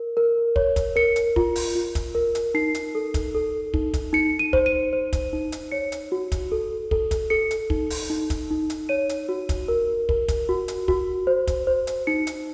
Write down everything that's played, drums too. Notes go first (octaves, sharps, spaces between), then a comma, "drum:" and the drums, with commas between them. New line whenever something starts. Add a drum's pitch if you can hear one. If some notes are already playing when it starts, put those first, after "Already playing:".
Already playing: A#4
A#4
C#5, drum: kick
drum: kick, hi-hat
A#4 C#7
drum: hi-hat
F4, drum: kick
drum: open hi-hat
F4
drum: kick, hi-hat
A#4
drum: hi-hat
D#4 C7
drum: hi-hat
A4
drum: kick, hi-hat
A4
D#4, drum: kick
drum: kick, hi-hat
D#4 C#7
D#7
C5, drum: kick
D#7
C5
drum: kick, hi-hat
D#4
drum: hi-hat
C#5 C#7
drum: hi-hat
F#4
drum: kick, hi-hat
A4
A4, drum: kick
drum: kick, hi-hat
A4 C#7
drum: hi-hat
D#4, drum: kick
drum: open hi-hat
D#4
drum: kick, hi-hat
D#4
drum: hi-hat
C#5 D#7
drum: hi-hat
F#4
drum: kick, hi-hat
A#4
A#4, drum: kick
drum: kick, hi-hat
F#4
drum: hi-hat
F#4, drum: kick
C5
drum: kick, hi-hat
C5
drum: hi-hat
D#4 C#7
drum: hi-hat